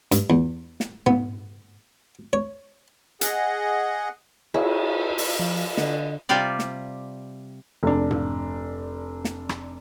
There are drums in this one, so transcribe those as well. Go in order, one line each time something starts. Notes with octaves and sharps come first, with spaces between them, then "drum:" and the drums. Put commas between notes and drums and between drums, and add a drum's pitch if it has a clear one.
G2, drum: hi-hat
E2
drum: snare
B3, drum: tom G#2
C#5
G#4 D#5 F#5, drum: hi-hat
E4 G#4 C#5, drum: cymbal
drum: open hi-hat
F3
D3 D#5, drum: snare
C3 G3 F4 G4 D5
drum: snare
F1 D4
drum: tom G#2
drum: snare
drum: rim click